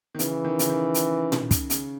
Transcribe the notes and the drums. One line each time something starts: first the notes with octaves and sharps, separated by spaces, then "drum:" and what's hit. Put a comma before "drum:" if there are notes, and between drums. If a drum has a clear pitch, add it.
D#3
C#3 E3, drum: hi-hat
D#3
C#3, drum: hi-hat
D#3
drum: hi-hat
drum: tom A#2
drum: kick, hi-hat
C#3, drum: hi-hat